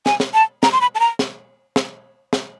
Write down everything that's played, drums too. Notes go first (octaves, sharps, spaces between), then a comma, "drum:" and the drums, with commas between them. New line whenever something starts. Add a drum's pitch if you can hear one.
G#5, drum: snare
drum: snare
A5
A#5, drum: snare
C6
B5
A5
A#5
drum: snare
drum: snare
drum: snare